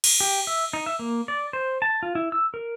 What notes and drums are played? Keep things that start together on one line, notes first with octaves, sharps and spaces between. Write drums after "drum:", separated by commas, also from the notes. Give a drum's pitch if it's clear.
drum: cymbal
G4
E5
D#4
E5
A#3
D5
C5
A5
F4
E4
E6
A#4